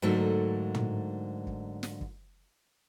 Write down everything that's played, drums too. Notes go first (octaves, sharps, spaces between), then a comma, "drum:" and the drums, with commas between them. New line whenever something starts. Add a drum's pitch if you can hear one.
G#2 D3 F#3 A3 A#3 D#4
drum: tom
drum: kick
drum: snare
drum: kick